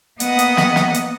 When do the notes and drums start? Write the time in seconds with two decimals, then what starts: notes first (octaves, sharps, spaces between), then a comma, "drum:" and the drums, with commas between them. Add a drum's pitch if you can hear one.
0.20 A#3 B3 D#5 F#5 D#6, drum: hi-hat
0.39 drum: hi-hat
0.57 drum: snare
0.76 drum: snare
0.94 drum: hi-hat